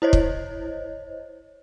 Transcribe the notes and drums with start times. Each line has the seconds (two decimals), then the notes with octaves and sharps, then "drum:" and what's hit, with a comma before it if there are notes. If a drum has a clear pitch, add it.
0.02 E4 C5 C#5 D#5
0.13 drum: kick